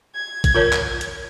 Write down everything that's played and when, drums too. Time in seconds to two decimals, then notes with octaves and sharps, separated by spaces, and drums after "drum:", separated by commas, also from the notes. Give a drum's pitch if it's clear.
0.15 G#6
0.44 drum: kick A#1, hi-hat
0.55 F4 A#4 C#5
0.73 drum: clap
1.01 drum: hi-hat